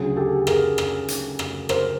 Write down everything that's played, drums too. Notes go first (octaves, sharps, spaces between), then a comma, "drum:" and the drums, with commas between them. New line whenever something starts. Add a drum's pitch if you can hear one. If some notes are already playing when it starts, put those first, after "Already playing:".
Already playing: D2 C#3 F#3 G#4
G4 A4
G#4 A#4, drum: rim click
drum: rim click
drum: hi-hat
drum: rim click
A#4 C5, drum: rim click